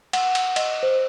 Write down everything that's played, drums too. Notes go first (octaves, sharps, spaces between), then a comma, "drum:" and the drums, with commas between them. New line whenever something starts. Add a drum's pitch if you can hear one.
F#5, drum: cymbal
drum: cymbal
D#5, drum: cymbal
C5